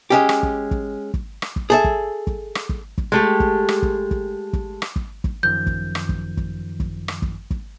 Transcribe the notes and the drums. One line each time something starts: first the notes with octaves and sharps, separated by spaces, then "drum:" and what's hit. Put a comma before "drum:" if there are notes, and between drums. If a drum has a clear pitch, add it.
G#3 C#4 G4
drum: rim click
drum: kick
drum: kick
drum: kick
drum: rim click
drum: kick
G#4 A4 E5
drum: kick
drum: kick
drum: rim click
drum: kick
drum: kick
G#3 A3 G4
drum: kick
drum: rim click
drum: kick
drum: kick
drum: kick
drum: rim click
drum: kick
drum: kick
F#2 D#3 F3 G6
drum: kick
drum: rim click
drum: kick
drum: kick
drum: kick
drum: rim click
drum: kick
drum: kick